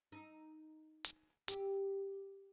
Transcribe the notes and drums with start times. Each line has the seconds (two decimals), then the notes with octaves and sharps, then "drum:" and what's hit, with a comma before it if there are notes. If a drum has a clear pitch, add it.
0.12 D#4
1.05 drum: hi-hat
1.48 G4, drum: hi-hat